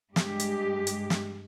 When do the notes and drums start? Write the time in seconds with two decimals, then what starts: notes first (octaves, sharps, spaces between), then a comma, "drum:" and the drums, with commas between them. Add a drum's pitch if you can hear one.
0.16 G2 G#3 G4, drum: snare
0.40 drum: hi-hat
0.87 drum: hi-hat
1.10 drum: snare